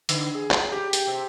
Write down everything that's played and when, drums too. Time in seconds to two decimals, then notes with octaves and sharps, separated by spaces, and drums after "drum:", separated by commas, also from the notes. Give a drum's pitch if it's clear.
0.09 D3, drum: hi-hat
0.35 G#4
0.51 drum: clap
0.72 G4
0.93 drum: hi-hat
1.08 C3